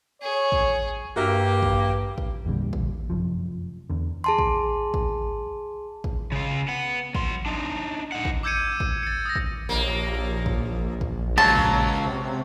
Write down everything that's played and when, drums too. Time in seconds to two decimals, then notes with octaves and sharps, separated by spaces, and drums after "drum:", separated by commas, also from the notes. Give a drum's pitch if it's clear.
0.22 G#4 C#5
0.52 drum: kick
1.16 G2 A#3 F#4 G4 A#4 E5
1.62 drum: kick
2.18 drum: kick
2.46 E2 A#2 D3 G3
2.73 drum: kick
3.10 F1 A#1 F#2 F3
3.90 E2 D3
4.24 G#4 A5 C6
4.39 drum: kick
4.94 drum: kick
6.04 drum: kick
6.32 C#3 F4
6.68 B3 F#5
7.15 F#3 C6, drum: kick
7.46 D4 D#4
8.12 D#4 F#5
8.25 drum: kick
8.43 D6 E6 G6 G#6 C#7 D#7
8.80 drum: kick
9.03 A6 C#7
9.26 D#6 A#6
9.35 drum: kick
9.69 A#1 D#2 A#3
10.46 drum: kick
11.01 drum: kick
11.38 C#2 F#3 F4 A5
11.56 drum: kick
12.05 C3